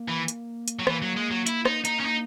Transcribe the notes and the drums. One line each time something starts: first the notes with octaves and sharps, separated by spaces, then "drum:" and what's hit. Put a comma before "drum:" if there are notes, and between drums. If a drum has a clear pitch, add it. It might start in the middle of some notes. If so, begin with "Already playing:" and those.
Already playing: A#3
E3
drum: hi-hat
drum: hi-hat
F#3
E3 A#3, drum: rim click
F#3
G#3
F#3
E4, drum: hi-hat
D#4, drum: rim click
D#4, drum: hi-hat
C#4
D#4